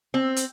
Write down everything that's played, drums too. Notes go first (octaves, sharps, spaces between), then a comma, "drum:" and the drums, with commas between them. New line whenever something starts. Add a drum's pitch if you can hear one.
C4
drum: hi-hat